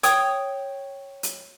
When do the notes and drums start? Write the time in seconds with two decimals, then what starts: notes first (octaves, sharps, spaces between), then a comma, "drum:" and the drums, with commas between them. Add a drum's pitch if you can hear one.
0.03 C#5 G5 D#6, drum: hi-hat
1.23 drum: hi-hat